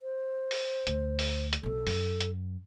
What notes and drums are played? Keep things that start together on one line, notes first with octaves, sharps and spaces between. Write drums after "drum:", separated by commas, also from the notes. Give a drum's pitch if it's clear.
C5
drum: open hi-hat
D2, drum: hi-hat
drum: open hi-hat
drum: hi-hat
B1 C4 A4
F#2, drum: open hi-hat
drum: hi-hat